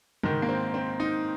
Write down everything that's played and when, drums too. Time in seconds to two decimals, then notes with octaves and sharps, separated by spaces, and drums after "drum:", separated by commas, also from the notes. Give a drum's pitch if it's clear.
0.23 G#2 D#3 A#4, drum: tom
0.42 A#3
0.49 C4
0.74 C4
1.00 D#4